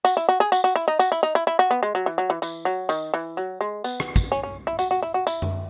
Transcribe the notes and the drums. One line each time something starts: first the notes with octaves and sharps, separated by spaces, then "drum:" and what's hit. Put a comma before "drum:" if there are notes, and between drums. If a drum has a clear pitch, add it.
F#4, drum: tambourine
E4
F#4
G#4
F#4, drum: tambourine
F#4
E4
D#4
F#4, drum: tambourine
E4
D#4
E4
E4
F#4
B3
G#3
F#3
E3
F#3
E3
E3, drum: tambourine
F#3
D#3, drum: tambourine
E3
F#3
G#3
B3, drum: tambourine
drum: rim click
drum: kick, tambourine
C#4
C#4
E4
F#4, drum: tambourine
F#4
E4
F#4
E4, drum: tambourine
drum: tom F#2